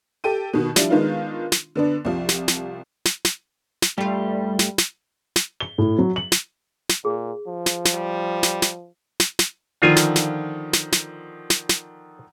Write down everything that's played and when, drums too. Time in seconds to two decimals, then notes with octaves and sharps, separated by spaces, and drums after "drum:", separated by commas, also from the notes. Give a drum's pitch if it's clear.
0.24 G4 A4 G5 D#7
0.53 B2 D#3 F#4
0.76 F3 G3 D4 E4, drum: snare
0.90 D#3 G#3 B3 D4 D#4 F4
1.52 drum: snare
1.76 D3 B3 D4
2.05 C2 F3
2.29 drum: snare
2.48 drum: snare
3.05 drum: snare
3.25 drum: snare
3.82 drum: snare
3.98 G2 G3 A3 F4 G4
4.59 drum: snare
4.78 drum: snare
5.36 drum: snare
5.60 G7
5.78 A2
5.99 F#3
6.16 F#7
6.32 drum: snare
6.89 drum: snare
7.05 A#2 G#4
7.47 F3
7.66 drum: snare
7.85 drum: snare
7.95 G3
8.43 drum: snare
8.62 drum: snare
9.20 drum: snare
9.39 drum: snare
9.82 D3 D#3 F3 F4 G#5
9.96 drum: snare
10.16 drum: snare
10.73 drum: snare
10.92 drum: snare
11.50 drum: snare
11.69 drum: snare